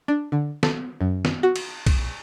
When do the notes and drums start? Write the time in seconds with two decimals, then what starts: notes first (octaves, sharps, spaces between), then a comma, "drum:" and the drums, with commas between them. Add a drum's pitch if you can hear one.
0.08 D4
0.32 D3
0.63 A4, drum: snare B3
1.01 F#2
1.25 drum: snare B3
1.43 F#4
1.56 drum: cymbal
1.86 drum: kick B1, cymbal